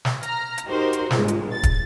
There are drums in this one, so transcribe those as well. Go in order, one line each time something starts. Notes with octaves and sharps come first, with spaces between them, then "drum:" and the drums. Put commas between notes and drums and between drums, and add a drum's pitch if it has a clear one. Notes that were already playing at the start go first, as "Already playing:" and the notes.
drum: snare
A#5 F6, drum: hi-hat
drum: hi-hat
D#4 F#4 G4 A#4 C5
drum: hi-hat
G1 C#2 G#2 G#3, drum: snare
drum: hi-hat
A#2 A6
drum: kick, hi-hat